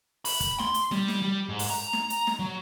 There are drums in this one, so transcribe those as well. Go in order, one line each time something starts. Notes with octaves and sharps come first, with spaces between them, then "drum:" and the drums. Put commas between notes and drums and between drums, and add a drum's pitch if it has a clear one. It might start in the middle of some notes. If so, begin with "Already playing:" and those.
B5, drum: open hi-hat
drum: kick, hi-hat
C6, drum: snare
drum: hi-hat
G3, drum: snare
drum: snare
G3
G#2
drum: open hi-hat
A#5
drum: snare
drum: hi-hat
drum: snare
F#3